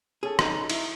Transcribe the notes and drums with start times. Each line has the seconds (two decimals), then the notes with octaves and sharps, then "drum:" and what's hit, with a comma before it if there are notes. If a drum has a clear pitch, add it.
0.23 C#4 G#4 A4
0.39 D#4, drum: rim click
0.70 E4, drum: cymbal